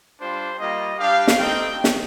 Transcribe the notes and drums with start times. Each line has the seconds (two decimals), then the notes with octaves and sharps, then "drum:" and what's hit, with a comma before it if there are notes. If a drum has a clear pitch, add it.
0.20 G3 D4 F4 C5
0.60 G3 A#3 F4 D#5
0.99 G3 D4 G4 F5
1.28 drum: snare
1.39 A3 C4 D#4 G5
1.84 drum: snare